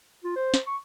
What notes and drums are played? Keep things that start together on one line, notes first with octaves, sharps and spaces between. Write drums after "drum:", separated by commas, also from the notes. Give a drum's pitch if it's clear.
F4
C5
drum: snare
C#6